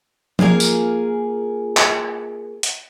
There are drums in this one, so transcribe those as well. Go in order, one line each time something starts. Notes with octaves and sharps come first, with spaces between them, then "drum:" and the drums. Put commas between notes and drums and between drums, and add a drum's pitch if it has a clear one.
A#3 F4 G#4 A#4, drum: tom F3
drum: tambourine
drum: clap
drum: hi-hat